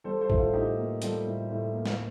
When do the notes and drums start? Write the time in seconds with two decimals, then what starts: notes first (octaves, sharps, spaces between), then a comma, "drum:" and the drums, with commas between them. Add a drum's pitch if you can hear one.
0.04 G3 A4 C5
0.21 A4 C5
0.30 A2, drum: kick A1
0.37 F4 A4
0.53 A2 D#4 G4
0.78 A#3
1.02 G3 F4 A4, drum: hi-hat
1.27 A2
1.51 A2
1.75 A#3
1.85 drum: snare